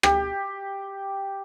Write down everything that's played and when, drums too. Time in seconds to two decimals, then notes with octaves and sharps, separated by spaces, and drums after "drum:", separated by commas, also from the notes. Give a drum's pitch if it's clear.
0.03 G4, drum: rim click